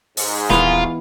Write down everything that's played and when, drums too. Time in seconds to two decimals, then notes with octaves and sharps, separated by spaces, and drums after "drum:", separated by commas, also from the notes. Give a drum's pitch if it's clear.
0.17 G#2, drum: open hi-hat
0.50 D#1 E3 B3 F4